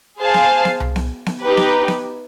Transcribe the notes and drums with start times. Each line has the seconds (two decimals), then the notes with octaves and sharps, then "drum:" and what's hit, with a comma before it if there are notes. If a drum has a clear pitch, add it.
0.19 G#4 C5 F5 A5
0.34 drum: snare B3
0.65 drum: snare B3
0.80 drum: tom C2
0.96 drum: snare B3
1.26 drum: snare B3
1.42 D#4 G4 B4
1.57 drum: snare B3
1.88 drum: snare B3